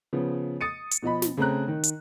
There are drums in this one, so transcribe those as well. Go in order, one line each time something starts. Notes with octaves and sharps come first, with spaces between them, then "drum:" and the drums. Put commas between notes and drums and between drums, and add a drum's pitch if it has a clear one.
C#3 F3 B3
D#6 A6 C#7 D#7
drum: hi-hat
B2 F3 D#5 B5
drum: snare
C#3 A3 C4 A#5 F#6
D#3
drum: hi-hat